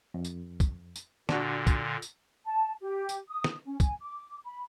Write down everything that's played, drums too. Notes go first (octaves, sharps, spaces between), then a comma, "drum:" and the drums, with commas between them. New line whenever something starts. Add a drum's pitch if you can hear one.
F2
drum: tambourine
drum: kick, tambourine
drum: tambourine
A#2 D3 D4 F#4, drum: snare
drum: kick, tambourine
drum: tambourine
A5
G4
drum: tambourine
D#6
drum: snare
C#4
G#5, drum: kick, tambourine
D6
B5